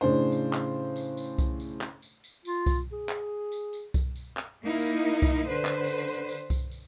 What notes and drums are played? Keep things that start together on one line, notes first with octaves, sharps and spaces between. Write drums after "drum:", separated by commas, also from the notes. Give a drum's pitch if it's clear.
A2 C#3 D4 C5
drum: tambourine
drum: clap
drum: tambourine
drum: tambourine
drum: kick C2, tambourine
drum: tambourine
drum: clap
drum: tambourine
drum: tambourine
F4, drum: tambourine
drum: kick C2, tambourine
G#4
drum: clap
drum: tambourine
drum: tambourine
drum: kick C2, tambourine
drum: tambourine
drum: clap
A#3 D#4 E4
drum: tambourine
drum: kick C2, tambourine
D3 B4 C5
drum: clap
drum: tambourine
drum: tambourine
drum: tambourine
drum: kick C2, tambourine
drum: tambourine